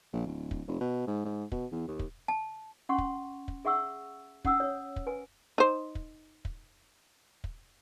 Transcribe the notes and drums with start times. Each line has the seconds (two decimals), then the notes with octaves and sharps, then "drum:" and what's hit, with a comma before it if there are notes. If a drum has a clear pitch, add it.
0.13 A#1
0.27 D1
0.51 drum: kick
0.68 F1
0.81 B2
1.07 G#2
1.25 G#2
1.52 B2, drum: kick
1.72 E2
1.88 D#2
1.99 drum: kick
2.28 A5
2.89 C#4 F#5 C6 C#6
2.98 drum: kick
3.48 drum: kick
3.65 G#4 E5 F#5 C#6 E6
4.45 C#4 F#5 D#6 E6, drum: kick
4.60 C#5
4.96 drum: kick
5.07 B4 G#5
5.58 D#4 C5
5.95 drum: kick
6.45 drum: kick
7.44 drum: kick